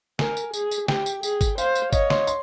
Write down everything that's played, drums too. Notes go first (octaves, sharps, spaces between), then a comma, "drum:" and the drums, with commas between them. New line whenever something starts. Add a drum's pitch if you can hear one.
A#4 G#5, drum: snare
drum: tambourine
G#4, drum: tambourine
drum: tambourine
G4 G5, drum: snare
drum: tambourine
G#4, drum: tambourine
drum: kick G1, tambourine
C5 F5, drum: tambourine
drum: tambourine
C#5 D#5, drum: kick G1, tambourine
C6, drum: snare
C6, drum: tambourine